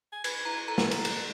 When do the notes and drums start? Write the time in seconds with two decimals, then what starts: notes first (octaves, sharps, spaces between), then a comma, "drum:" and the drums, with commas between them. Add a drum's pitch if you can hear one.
0.12 G#5
0.24 B4 G#6, drum: cymbal
0.45 E4 A#5
0.68 A4 A#5
0.78 drum: snare
0.91 drum: cymbal
1.05 drum: cymbal